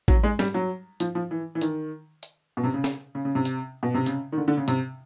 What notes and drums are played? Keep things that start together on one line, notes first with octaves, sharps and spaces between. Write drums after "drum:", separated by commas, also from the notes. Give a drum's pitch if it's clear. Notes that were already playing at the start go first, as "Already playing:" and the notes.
F#3, drum: kick A1
G#3
G3, drum: snare
F#3
F3, drum: hi-hat
F3
E3
E3
D#3, drum: hi-hat
drum: hi-hat
B2
C3
C#3
drum: snare
C#3
C#3
C3
drum: hi-hat
B2
C3
C#3, drum: hi-hat
D#3
D3
D3
C#3
C3, drum: hi-hat